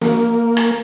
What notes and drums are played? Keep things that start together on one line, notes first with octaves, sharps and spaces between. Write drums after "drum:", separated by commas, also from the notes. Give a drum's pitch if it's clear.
A#3, drum: snare
drum: rim click